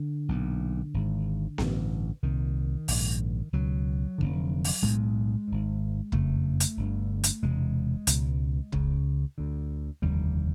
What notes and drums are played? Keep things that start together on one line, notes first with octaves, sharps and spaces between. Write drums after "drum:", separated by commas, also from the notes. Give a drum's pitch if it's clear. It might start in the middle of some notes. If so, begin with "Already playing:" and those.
Already playing: D3
B1 A#2
G#1 G#2
A1 G2 D3, drum: snare B3
C2 A#2 D#3
A#1 G#2, drum: open hi-hat
C#2 B2 F#3
F1 D#2 D3
drum: open hi-hat
B1 A2 G#3
G#1 G#2
F#1 F2 C#3 A3, drum: kick
drum: hi-hat
G1 G2 D3
drum: hi-hat
E1 E2 C3 G#3
C#2 B2, drum: hi-hat
C#2 C#3, drum: kick
D2 D3
F1 D#2 D3 G3